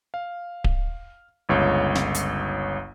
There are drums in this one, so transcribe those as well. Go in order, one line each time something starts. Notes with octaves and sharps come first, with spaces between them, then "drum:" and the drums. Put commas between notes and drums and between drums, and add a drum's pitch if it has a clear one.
F5
drum: kick D1
G1 C#2 C#5
drum: snare
drum: hi-hat